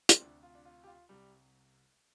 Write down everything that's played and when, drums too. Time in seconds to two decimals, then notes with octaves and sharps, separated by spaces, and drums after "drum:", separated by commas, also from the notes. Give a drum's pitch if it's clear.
0.09 C4, drum: hi-hat
0.21 D2 C3 D4
0.43 F4
0.55 D4
0.65 F4
0.84 G4
0.87 F4
1.09 C2 C3 G3